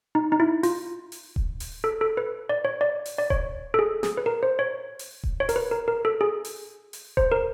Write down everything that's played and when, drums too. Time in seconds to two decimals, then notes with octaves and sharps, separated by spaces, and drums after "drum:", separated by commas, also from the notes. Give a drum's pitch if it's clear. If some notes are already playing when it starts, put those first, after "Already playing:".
0.15 D#4
0.32 D#4
0.40 E4
0.63 F4, drum: open hi-hat
1.12 drum: open hi-hat
1.36 drum: kick D#1
1.60 drum: open hi-hat
1.84 A4
2.01 A4
2.17 B4
2.49 D5
2.65 C#5
2.81 D5
3.06 drum: open hi-hat
3.18 D5
3.30 C#5, drum: kick D#1
3.74 A4
3.79 G#4
4.03 G#4, drum: snare
4.17 B4
4.26 A#4
4.43 C5
4.59 C#5
4.99 drum: open hi-hat
5.24 drum: kick D#1
5.40 C#5
5.49 A#4, drum: open hi-hat
5.56 B4
5.71 A#4
5.88 A#4
6.05 A4
6.21 G#4
6.45 drum: open hi-hat
6.93 drum: open hi-hat
7.17 C5, drum: kick D#1
7.32 A#4